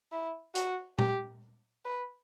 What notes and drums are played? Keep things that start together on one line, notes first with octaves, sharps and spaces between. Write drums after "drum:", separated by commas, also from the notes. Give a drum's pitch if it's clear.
E4
F#4, drum: hi-hat
G4, drum: tom A#2
B4